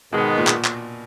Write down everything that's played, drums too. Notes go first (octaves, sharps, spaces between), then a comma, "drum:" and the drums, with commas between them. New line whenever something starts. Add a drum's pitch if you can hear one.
G#2 B2 D#3 G#3 B3
A#2
drum: clap
drum: clap